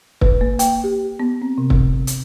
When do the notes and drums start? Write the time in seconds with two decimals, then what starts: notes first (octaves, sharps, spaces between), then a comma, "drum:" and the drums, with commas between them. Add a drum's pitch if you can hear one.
0.21 B4, drum: kick
0.41 A#3
0.59 G5, drum: hi-hat
0.84 G4
1.20 B3
1.42 C4
1.58 C3
1.70 drum: kick
2.07 drum: hi-hat